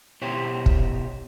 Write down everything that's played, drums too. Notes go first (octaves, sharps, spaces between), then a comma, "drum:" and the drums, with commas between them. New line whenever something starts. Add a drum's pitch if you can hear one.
B2 E4 G4 C5 C#5
drum: kick